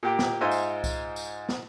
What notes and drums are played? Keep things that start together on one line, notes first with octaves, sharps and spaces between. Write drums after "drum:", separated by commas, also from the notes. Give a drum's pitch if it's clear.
A#2 G4 G5
drum: snare
G#2 D#4 F4 C5 E5 G#5
drum: tambourine
drum: kick C2, tambourine
drum: tambourine
drum: snare